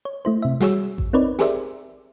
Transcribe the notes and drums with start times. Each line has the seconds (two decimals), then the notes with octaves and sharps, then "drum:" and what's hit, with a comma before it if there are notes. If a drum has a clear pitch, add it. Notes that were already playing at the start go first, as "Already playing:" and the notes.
0.05 C#5
0.25 A3 E4 C5
0.42 C3 E5
0.60 G3 F#4 G#4 C#5 E6, drum: snare
0.98 drum: kick A1
1.13 C4 D#4 A#4 B4 C#5 D5
1.39 G4 G#4 A#4 C5 D5 E5, drum: snare